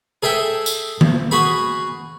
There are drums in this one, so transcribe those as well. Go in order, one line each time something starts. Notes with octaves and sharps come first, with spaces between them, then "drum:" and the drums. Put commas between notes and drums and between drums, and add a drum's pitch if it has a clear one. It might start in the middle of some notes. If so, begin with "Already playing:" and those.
G#4 A4 E5 G5
drum: tambourine
drum: tom D#3
F#4 G#4 B5